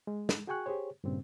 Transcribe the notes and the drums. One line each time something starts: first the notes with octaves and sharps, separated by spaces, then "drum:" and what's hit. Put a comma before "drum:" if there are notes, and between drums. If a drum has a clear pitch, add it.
G#3
drum: snare
F#4 G#4 G5 G#5 C#6 F#6
G4 G#4 C5 C#5
G2 A#2 C#3 C4